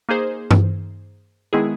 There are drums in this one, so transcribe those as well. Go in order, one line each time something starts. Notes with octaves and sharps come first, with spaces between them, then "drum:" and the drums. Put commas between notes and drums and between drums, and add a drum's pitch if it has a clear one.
A#3 D#4 G#4 C5
drum: tom G2
D#3 G#3 B3 E4 G#4